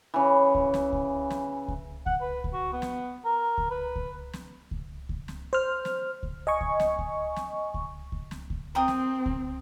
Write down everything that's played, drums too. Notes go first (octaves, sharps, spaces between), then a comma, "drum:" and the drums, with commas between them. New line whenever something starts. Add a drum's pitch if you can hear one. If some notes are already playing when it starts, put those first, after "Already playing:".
C#3 E3
drum: kick C#2
drum: snare
drum: kick C#2
drum: snare
drum: kick C#2
F#5, drum: kick C#2
B4
drum: kick C#2
F#4
B3
drum: snare
A#4
drum: kick C#2
B4
drum: kick C#2
drum: snare
drum: kick C#2
drum: kick C#2
drum: snare
C5 F6
drum: snare
drum: kick C#2
D#5 G#5 C#6
drum: kick C#2
drum: snare
drum: kick C#2
drum: snare
drum: kick C#2
drum: kick C#2
drum: snare
drum: kick C#2
C4 A#4 G5 D#6
drum: snare
drum: kick C#2